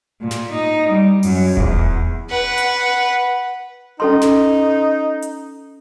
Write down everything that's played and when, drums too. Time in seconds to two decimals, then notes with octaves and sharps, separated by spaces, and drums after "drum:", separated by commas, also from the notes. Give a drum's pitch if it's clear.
0.21 A#2
0.31 drum: snare
0.52 D#4
0.89 G3
1.23 F#2, drum: open hi-hat
1.57 E2, drum: kick D#1
2.30 B4 F#5
2.58 drum: hi-hat
4.00 C#4 D#4 A4 C6
4.21 drum: snare
5.22 drum: hi-hat